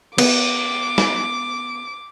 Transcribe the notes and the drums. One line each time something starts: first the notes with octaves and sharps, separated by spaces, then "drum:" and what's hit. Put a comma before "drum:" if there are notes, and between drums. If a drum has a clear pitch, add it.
B3 D6, drum: cymbal
drum: snare